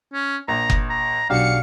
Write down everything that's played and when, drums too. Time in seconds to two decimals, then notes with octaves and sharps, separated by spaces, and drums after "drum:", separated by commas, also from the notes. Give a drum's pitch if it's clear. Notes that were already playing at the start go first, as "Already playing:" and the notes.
0.13 C#4
0.48 A#1 A#5
0.70 drum: kick F#1
0.90 A#5
1.30 B1 D4 F#4 G4 F5 C#7